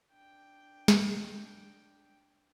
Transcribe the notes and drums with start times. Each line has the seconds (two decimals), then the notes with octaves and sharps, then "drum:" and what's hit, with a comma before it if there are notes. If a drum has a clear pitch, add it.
0.13 D4 G5
0.88 drum: snare